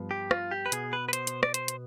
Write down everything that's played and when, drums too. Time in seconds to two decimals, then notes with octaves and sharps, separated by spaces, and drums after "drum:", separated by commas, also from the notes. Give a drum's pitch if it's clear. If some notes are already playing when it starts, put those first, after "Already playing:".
Already playing: G2 F3 B3
0.11 G4
0.31 F4, drum: rim click
0.51 G4
0.66 B4
0.72 B2 B3 G#4, drum: hi-hat
0.93 B4
1.09 B4
1.13 C5, drum: hi-hat
1.27 drum: hi-hat
1.43 D5, drum: rim click
1.54 C5, drum: hi-hat
1.68 drum: hi-hat